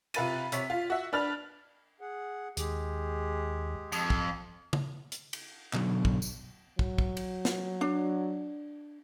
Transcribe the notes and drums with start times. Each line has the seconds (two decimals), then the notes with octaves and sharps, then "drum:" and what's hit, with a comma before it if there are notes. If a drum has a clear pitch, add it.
0.14 C3 F4 B4 A6 D#7, drum: cymbal
0.52 C3 C#5 B6, drum: hi-hat
0.70 F4
0.90 F#4 E5
1.13 D4 B4 F6 A6 F7
2.01 G#4 F#5
2.57 D#2 G#3 G4 G#4, drum: hi-hat
3.92 F2, drum: tambourine
4.10 drum: kick
4.73 drum: tom C#3
5.12 drum: hi-hat
5.33 drum: cymbal
5.73 B2 D3 F#3, drum: clap
6.05 drum: kick
6.22 drum: tambourine
6.79 F#3, drum: kick
6.98 drum: kick
7.17 drum: cymbal
7.45 drum: snare
7.81 D4